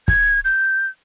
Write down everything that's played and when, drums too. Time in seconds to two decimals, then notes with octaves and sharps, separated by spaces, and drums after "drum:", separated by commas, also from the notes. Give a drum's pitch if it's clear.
0.08 G#6, drum: kick
0.45 G6